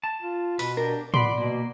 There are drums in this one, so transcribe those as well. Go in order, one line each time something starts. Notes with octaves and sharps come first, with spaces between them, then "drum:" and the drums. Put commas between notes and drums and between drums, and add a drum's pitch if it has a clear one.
A5
F4
B2 B4, drum: open hi-hat
D4 G4 A#4
B3 D5 B5 C6, drum: tom A2
B2 A#3